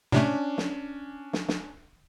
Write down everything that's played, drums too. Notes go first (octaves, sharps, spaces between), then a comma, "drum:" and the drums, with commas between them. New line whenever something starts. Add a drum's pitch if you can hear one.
A2 C3 A3 C#4 D4
drum: snare
drum: snare
drum: snare